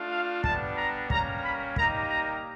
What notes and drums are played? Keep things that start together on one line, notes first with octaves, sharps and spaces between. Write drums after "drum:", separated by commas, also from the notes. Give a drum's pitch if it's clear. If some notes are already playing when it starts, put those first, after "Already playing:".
Already playing: A3 D4 F4
F5
G3 B3 D4 A5, drum: kick
A#5
G3 A#3 C#4 A#5, drum: kick
B5
G3 A#3 D#4 G4 A#5, drum: kick
A#5